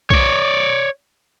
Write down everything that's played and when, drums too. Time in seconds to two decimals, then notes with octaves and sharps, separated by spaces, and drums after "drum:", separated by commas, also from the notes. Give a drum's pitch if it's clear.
0.10 C#5 D5, drum: kick B1